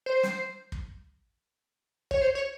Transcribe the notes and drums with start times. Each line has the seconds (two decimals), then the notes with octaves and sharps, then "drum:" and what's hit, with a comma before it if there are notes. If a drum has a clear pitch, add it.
0.06 C5
0.23 drum: snare
0.72 drum: kick
2.11 C#5, drum: kick
2.21 C5
2.35 C#5